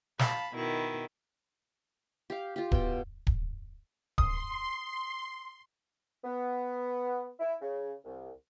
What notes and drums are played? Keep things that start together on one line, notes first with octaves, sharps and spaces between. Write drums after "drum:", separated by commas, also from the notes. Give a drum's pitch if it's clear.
F5 A5 B5, drum: snare
B2 D#3 E4
G4 F5
F4 G4
B2 G5, drum: kick D1
drum: kick D1
C6 D#6, drum: kick D1
B3
E4
C#3
C2